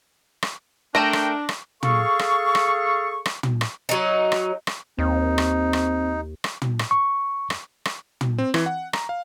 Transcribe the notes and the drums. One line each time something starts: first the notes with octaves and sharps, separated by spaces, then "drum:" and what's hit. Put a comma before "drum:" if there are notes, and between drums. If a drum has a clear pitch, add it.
drum: rim click
A3 D4 A#4 G5 A#6 D7 E7
drum: rim click
drum: rim click
G#4 A4 F5 C#6, drum: tom
drum: rim click
drum: rim click
drum: rim click
drum: tom
drum: rim click
F#3 D#4
drum: rim click
drum: rim click
D#2 C4 D#4
drum: rim click
drum: rim click
drum: rim click
drum: tom
drum: rim click
C#6
drum: rim click
drum: rim click
drum: tom
C4
E3, drum: rim click
F#5
A#5, drum: rim click
F5